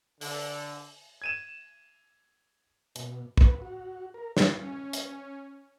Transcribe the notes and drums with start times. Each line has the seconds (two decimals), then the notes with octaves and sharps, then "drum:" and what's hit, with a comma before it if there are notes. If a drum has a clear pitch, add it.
0.21 D3, drum: open hi-hat
1.22 G#6 D#7 E7
2.96 B2, drum: hi-hat
3.37 B4, drum: kick
3.62 F#4
4.14 A#4
4.37 drum: snare
4.61 C#4
4.93 drum: hi-hat